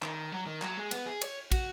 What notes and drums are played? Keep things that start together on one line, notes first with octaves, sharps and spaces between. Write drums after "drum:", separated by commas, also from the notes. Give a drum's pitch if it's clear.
D#3, drum: clap
F#3
D#3
F#3, drum: clap
G#3
B3, drum: cymbal
G#4
C#5, drum: cymbal
F#4, drum: kick, cymbal